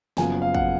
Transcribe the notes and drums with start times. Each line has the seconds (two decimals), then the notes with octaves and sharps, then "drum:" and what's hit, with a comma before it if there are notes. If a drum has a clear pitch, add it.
0.17 F#1 F#2 C#3 F3 B3 G#5, drum: snare
0.42 F5
0.55 F#5, drum: kick